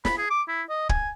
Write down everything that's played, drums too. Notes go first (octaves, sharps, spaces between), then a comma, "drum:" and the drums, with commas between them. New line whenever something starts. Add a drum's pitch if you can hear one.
B5, drum: snare
G#4
D6
E4
D#5
G#5, drum: kick